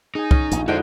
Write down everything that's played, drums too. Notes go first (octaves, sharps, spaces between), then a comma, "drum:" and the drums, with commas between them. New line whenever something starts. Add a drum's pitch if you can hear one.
D#4 G#4 G#5
C#4, drum: kick
A#1 D#2, drum: hi-hat
F2 D3 G#3 D#4 E4 F#4 C5 G5